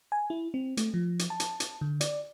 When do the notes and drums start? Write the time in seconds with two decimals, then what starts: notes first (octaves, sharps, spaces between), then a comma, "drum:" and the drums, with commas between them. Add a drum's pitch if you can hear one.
0.12 G#5
0.30 E4
0.54 C4
0.77 A3, drum: hi-hat
0.94 F3
1.19 drum: hi-hat
1.30 A5
1.40 drum: hi-hat
1.60 drum: hi-hat
1.81 D3
2.01 D5, drum: hi-hat